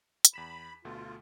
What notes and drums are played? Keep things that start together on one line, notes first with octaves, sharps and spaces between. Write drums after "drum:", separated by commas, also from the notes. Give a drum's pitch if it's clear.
drum: hi-hat
E2 B5 B6 E7
D2 B2 A3 F4